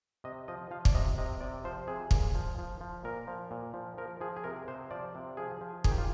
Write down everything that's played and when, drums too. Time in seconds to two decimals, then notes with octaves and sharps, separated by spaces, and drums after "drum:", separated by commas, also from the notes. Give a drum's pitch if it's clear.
0.24 C3 D#5
0.48 F3 D#5
0.71 F3 F5
0.85 D5, drum: kick
0.94 C3 D#5
1.18 C3 D#5
1.41 C3 D5
1.64 F3 C5
1.87 C3 G#4
2.11 A#2, drum: kick
2.34 F3
2.58 F3
2.81 F3
3.04 A#2 A#4
3.27 F3
3.51 A#2
3.74 F3
3.98 F3 A#4
4.21 F3 G#4
4.36 G#4
4.44 C3 A#4
4.68 C3 C5
4.91 F3 D5
5.15 C3
5.37 F3 G#4
5.61 F3
5.84 D#3 G#4, drum: kick
5.91 G4
5.98 F4